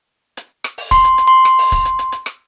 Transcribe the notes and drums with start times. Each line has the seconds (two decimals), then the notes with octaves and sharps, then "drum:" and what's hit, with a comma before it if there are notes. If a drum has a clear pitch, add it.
0.37 drum: hi-hat
0.64 drum: rim click
0.78 drum: open hi-hat
0.91 C6, drum: kick, hi-hat
1.05 drum: hi-hat
1.18 drum: hi-hat
1.27 C6
1.45 drum: rim click
1.59 drum: open hi-hat
1.72 drum: kick, hi-hat
1.85 drum: hi-hat
1.99 drum: hi-hat
2.12 drum: hi-hat
2.26 drum: rim click